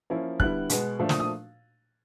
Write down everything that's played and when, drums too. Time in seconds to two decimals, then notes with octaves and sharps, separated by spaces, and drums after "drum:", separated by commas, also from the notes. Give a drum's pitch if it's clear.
0.10 F3 A#3 C#4 E4
0.40 D3 G3 B3 E4 F#6, drum: kick
0.70 B2 G#3 B3, drum: hi-hat
0.99 A#2 F3 A3 D4
1.09 D#6, drum: snare
1.20 D#6